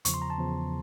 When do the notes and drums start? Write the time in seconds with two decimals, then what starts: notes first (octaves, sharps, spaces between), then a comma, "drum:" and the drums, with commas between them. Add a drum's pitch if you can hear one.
0.05 E2 C#3 F3 C#6, drum: hi-hat
0.14 C6
0.22 A#5
0.30 A5
0.38 E2 C#3 F3